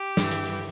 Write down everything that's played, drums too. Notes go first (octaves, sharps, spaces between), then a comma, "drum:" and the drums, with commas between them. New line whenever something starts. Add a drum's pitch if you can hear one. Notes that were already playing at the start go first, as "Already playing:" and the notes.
Already playing: G4
G2 E3, drum: snare
drum: hi-hat
drum: hi-hat